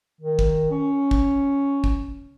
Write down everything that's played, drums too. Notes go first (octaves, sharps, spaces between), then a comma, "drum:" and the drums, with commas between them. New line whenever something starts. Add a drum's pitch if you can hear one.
D#3
drum: kick
C#4
drum: kick
drum: kick